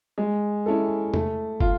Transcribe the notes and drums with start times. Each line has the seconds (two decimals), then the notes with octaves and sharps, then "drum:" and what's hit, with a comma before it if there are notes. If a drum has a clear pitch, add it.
0.18 G#3
0.66 C#4 E4 A4
1.14 A3, drum: tom E2
1.60 F4, drum: kick